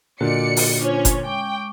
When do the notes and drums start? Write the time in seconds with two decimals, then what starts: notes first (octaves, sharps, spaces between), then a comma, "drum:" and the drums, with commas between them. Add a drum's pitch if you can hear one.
0.21 A#2 D3 F#4 D5 D#5 C#7
0.57 drum: open hi-hat
0.81 C#4 D4 F4 C5 C#5
1.05 drum: kick F#1, hi-hat
1.25 G#3 G5 C#6 D6